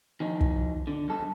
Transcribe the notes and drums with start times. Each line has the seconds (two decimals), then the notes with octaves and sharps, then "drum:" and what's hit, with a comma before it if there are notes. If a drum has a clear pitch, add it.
0.20 D#3 F3 D#4
0.41 drum: kick
0.87 D3
1.08 G2 A4